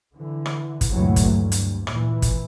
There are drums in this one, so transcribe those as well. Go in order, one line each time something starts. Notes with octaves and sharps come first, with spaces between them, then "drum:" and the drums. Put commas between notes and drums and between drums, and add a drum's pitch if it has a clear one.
D3 E3
drum: rim click
drum: kick, hi-hat
D2 G2 A#2 E3 F#3 A3
drum: kick, hi-hat
D2 G2
drum: hi-hat
A#2 E3, drum: rim click
drum: kick, hi-hat